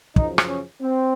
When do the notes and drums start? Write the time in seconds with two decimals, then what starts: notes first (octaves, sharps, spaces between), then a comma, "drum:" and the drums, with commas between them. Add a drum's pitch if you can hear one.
0.16 F#2 C#3 F3 D#4, drum: kick
0.38 drum: rim click
0.48 C#4
0.82 C4